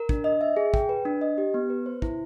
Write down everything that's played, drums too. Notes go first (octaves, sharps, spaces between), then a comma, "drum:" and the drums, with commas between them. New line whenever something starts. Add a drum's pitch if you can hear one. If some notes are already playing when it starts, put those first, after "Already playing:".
Already playing: A#4
D4, drum: kick
D#5
E5
G#4
G5, drum: kick
B4
D4
D#5
G4
B3
B4
C5
E4, drum: kick